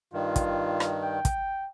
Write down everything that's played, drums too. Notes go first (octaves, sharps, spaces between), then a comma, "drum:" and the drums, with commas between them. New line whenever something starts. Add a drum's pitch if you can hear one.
G2 D#3 F4
drum: kick, hi-hat
drum: rim click
G5
drum: kick, hi-hat